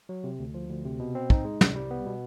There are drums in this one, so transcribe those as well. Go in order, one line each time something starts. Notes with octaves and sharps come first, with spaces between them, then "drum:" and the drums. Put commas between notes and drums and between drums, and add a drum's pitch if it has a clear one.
F#3
C3
D2
F3
D2
C3
B2
C4
D#4, drum: kick
G#3
C2, drum: snare
G3
B3
B2